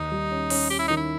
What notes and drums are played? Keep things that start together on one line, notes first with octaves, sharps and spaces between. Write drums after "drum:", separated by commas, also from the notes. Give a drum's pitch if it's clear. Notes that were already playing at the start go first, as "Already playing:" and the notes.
Already playing: D#2 D#4
G3
C#4
C#4, drum: open hi-hat
C#4 G4
E4
D#3 D#4
E4